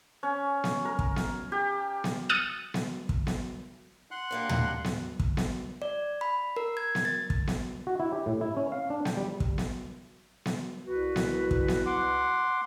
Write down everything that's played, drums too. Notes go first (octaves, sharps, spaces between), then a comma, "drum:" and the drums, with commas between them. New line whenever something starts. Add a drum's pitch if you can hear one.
C#4
drum: snare B3
A#4
drum: kick
drum: snare B3
G4
drum: snare B3
D#6 F6 A6 C#7 D#7
drum: snare B3
drum: kick
drum: snare B3
F#5 C6 F#6
G3 A#3 D4
drum: tom
drum: snare B3
drum: kick
drum: snare B3
D5
B5
A#4
G#6
drum: snare B3
A6
drum: kick
drum: snare B3
F#4
E4
G4
A2
E4
C#4
F5
D4
G5, drum: snare B3
G3
drum: kick
drum: snare B3
drum: snare B3
C2 F#4 B4
drum: snare B3
drum: kick
drum: snare B3
F#5 C6 D6